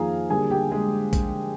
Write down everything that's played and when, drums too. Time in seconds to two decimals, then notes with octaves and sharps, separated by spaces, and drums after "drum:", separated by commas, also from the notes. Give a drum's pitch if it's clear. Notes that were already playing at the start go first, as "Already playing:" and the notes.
Already playing: F2 D#3 A#3 F4 G#4 F5 G#5 A#5
0.30 D3 G3 A#3 G#4 G#5
0.50 G4 G5
0.71 G#3 G#4
1.13 drum: kick, hi-hat